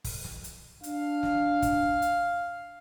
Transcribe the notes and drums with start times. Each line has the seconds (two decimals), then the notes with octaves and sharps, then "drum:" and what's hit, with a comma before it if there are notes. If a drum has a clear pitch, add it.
0.04 drum: kick, open hi-hat
0.24 drum: snare
0.44 drum: hi-hat
0.83 D4 F5, drum: hi-hat
1.23 drum: snare
1.62 drum: kick, hi-hat
2.02 drum: hi-hat